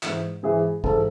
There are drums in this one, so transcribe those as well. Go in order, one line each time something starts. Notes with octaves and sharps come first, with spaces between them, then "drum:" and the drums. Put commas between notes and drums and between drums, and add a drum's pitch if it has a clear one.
G#2 E3, drum: clap
G#2 E3 G#4
G#2 E3 A4, drum: kick